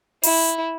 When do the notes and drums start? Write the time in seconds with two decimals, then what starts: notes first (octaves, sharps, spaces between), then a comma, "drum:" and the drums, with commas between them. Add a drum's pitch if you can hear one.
0.23 E4, drum: open hi-hat